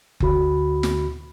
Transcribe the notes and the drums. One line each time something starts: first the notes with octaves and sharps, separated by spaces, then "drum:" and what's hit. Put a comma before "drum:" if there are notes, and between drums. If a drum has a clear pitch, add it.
D2 D3 F#4 B5, drum: kick F#1
drum: snare